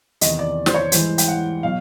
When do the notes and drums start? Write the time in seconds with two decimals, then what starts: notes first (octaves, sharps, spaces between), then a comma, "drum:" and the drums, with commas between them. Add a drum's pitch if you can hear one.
0.21 E2 C3 D#3 D#5, drum: hi-hat
0.39 D5
0.66 C5, drum: snare
0.74 C#5
0.92 G#2 E3 G3 C5, drum: hi-hat
1.18 G5, drum: hi-hat
1.28 F#5
1.63 B2 F#3 F5